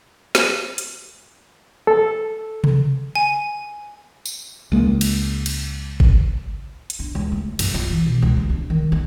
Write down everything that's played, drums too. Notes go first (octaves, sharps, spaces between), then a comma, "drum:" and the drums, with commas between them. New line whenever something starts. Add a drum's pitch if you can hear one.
drum: snare
drum: hi-hat
A4
drum: tom C3
G#5
drum: tambourine
C#2 G#3 A#3
drum: cymbal
drum: cymbal
drum: kick
drum: hi-hat
D4
C#2
A3
F#2, drum: cymbal
F4
E3
B2
C#2
D2
D4
D#3
D#4